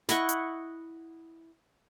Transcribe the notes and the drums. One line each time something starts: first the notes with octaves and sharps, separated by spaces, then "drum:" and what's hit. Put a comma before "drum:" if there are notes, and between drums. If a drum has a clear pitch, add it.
E4 D#5 F#5 C#6, drum: snare
drum: hi-hat